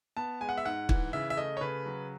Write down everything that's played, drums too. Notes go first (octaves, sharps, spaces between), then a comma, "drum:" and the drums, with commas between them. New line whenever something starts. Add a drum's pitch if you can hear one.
B3 A5
G#3 G#5
F#5
E5
G#2 F#5
E3, drum: kick
C#3 E5
E5
A3 D#5
C#5
C#3 B4
F#3